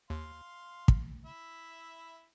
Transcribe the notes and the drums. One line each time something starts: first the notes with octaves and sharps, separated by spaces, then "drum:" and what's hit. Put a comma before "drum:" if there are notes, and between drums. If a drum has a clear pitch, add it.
D#2 F5 C6
drum: kick
E4 E5